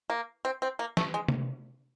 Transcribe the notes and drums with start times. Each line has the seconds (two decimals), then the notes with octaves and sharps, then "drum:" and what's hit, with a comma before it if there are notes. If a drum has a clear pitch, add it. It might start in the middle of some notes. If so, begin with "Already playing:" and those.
0.10 A#3
0.45 C4
0.62 C4
0.79 A#3
0.97 A3, drum: snare
1.14 G#3
1.28 drum: tom C3